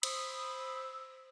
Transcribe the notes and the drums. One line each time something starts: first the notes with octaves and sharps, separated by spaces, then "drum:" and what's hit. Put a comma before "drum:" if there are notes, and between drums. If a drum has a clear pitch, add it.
C5 B5 D#6 E6, drum: cymbal